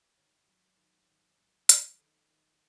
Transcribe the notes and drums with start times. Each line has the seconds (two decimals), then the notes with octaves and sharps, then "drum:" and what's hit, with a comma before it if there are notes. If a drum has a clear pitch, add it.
0.17 G#1 C#5
0.47 F#3
0.77 D#3
1.09 G#1
1.38 G#2
1.69 G#1, drum: hi-hat
1.98 D#3 A4
2.30 D#3